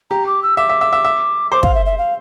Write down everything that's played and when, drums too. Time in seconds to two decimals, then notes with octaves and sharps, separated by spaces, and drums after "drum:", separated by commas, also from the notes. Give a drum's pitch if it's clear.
0.10 G4 A#5
0.26 D6
0.43 E6
0.57 E5 D6
0.69 E5
0.81 E5
0.93 E5
1.05 E5
1.51 C5 D6
1.63 F5, drum: kick
1.75 E5
1.86 E5
1.98 F5